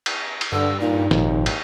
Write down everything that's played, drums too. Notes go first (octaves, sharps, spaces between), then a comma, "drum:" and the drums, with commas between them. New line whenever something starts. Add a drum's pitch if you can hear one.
drum: cymbal
drum: cymbal
G2 D3 E6
A#2 D#4
G#1 D#2 A#2 F3, drum: snare
drum: cymbal